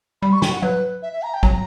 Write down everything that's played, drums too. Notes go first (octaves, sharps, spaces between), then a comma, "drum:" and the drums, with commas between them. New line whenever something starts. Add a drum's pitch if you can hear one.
G3 B5
C#6
G5, drum: snare
F#5
F#3 B4
E5
E5
A#5
G5
F#3 A#5, drum: kick